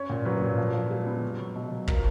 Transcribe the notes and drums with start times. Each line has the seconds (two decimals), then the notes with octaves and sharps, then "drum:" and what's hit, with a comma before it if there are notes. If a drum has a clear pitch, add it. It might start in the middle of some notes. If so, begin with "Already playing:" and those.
Already playing: C#4 C#5
0.09 A#2
0.25 F#3 B4
0.42 A#2
0.58 F3
0.74 F3
0.90 G#3
1.07 B3
1.23 F#3
1.40 F#3
1.55 B2
1.71 F#3
1.87 F3 A#4, drum: kick